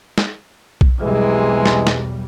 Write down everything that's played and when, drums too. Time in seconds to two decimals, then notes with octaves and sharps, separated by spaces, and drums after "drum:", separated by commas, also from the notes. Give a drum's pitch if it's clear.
0.18 drum: snare
0.81 drum: kick B1
1.02 B1 E2 C3 E3 G3 G#3
1.66 drum: snare
1.87 drum: snare